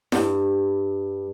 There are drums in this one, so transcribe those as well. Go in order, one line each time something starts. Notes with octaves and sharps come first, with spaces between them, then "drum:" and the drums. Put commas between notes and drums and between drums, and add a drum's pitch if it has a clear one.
G2, drum: snare E4